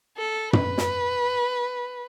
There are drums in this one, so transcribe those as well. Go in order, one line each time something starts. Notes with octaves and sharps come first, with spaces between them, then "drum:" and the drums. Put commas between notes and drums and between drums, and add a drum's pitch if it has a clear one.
A4
B4, drum: tom
drum: snare